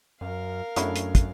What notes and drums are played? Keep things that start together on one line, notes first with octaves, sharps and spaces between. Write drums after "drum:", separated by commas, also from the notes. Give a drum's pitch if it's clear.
F#2 A#4 F5
F#2 A3 C#4 D4 E4 F#4 G#4, drum: hi-hat
drum: hi-hat
drum: kick, hi-hat